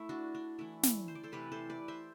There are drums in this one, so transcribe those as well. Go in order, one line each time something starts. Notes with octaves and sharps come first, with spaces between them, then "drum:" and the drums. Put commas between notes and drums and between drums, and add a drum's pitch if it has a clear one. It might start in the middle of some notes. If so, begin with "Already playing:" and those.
Already playing: A3 E4
D4 F#4
D4
E3 A3 E4
drum: snare
C5
D5
A4 C5
C3 E3 A3 G4 B4
A4 C5
B4 D5
C5 E5